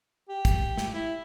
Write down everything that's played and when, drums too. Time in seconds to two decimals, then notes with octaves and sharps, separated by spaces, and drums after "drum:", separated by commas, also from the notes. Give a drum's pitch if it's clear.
0.29 G4
0.45 drum: kick, hi-hat
0.77 drum: snare
0.94 E4